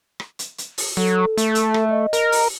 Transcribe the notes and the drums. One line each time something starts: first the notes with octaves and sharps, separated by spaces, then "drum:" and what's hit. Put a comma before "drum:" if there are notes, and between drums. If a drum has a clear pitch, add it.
drum: rim click
drum: hi-hat
drum: hi-hat
drum: open hi-hat
F#3 A4
A3, drum: hi-hat
drum: hi-hat
drum: rim click
D#5
A#4, drum: hi-hat
drum: open hi-hat